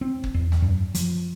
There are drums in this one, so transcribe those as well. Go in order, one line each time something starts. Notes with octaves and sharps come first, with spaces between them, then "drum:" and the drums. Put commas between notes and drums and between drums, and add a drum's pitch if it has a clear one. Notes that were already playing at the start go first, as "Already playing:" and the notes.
C4
drum: kick
E2
drum: snare
F#2
F3, drum: hi-hat